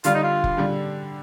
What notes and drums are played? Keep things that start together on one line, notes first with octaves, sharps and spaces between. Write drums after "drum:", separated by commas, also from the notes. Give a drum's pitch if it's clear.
D3 G3 D4 F4, drum: hi-hat
D#4
F4
drum: kick F1
D3 G3 D4